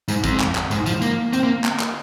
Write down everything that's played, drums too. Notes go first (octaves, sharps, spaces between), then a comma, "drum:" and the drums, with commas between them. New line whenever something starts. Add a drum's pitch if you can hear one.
G#2, drum: tambourine
F2, drum: kick, tambourine
drum: clap
drum: clap
G#2, drum: tambourine
F3, drum: tambourine
A#3, drum: tambourine
C4, drum: tambourine
A#3
drum: clap
drum: clap